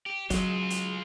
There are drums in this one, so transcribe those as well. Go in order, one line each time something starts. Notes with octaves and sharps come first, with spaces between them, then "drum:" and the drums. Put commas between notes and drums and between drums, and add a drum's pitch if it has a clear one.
G4
F#3 G#3 F4, drum: kick, hi-hat
drum: hi-hat